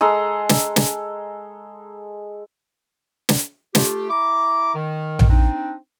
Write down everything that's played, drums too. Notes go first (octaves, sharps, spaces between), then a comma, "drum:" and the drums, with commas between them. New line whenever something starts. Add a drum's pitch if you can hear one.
G#3 A4 A#5 C6
drum: snare
drum: snare
drum: snare
A3 F4 G4, drum: snare
E4 A#5 B5 D6
D#3
drum: tom A#1
C4 D4 D#4